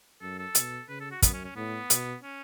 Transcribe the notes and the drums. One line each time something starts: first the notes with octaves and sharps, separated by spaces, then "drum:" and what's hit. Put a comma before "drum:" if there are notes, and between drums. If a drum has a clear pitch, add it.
F#2 A4
A4
B2, drum: hi-hat
C#3 B4
A4
F#4
F#2 B3, drum: kick, hi-hat
C#4
C#4
A2 B3
B2, drum: hi-hat
C#4